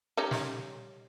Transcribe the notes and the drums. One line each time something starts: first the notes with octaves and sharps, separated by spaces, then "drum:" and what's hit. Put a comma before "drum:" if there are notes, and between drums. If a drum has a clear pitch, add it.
G3 C#4 D#4
drum: snare